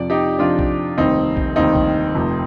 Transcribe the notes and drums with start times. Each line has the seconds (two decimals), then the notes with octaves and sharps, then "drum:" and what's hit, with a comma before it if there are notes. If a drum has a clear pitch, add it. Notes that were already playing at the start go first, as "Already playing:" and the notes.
Already playing: F2 C3 F3 D5
0.10 D#4 G4
0.39 F2 C3 F3 D4 F4
0.59 drum: kick A#1
0.97 F1 D#2 D#3 G3 C4 D#4
1.37 drum: kick A#1
1.56 F1 D#2 D#3 G3 C4 D#4
1.76 drum: kick A#1
2.15 F1 F2 C3